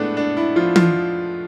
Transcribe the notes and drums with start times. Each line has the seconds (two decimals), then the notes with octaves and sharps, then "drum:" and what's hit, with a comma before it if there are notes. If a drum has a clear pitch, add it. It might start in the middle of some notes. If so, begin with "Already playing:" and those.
Already playing: A2 G#3 A3 B3 D4 A4 B4
0.17 D4
0.37 E4
0.56 F3 F4
0.76 F3 F4, drum: tom E3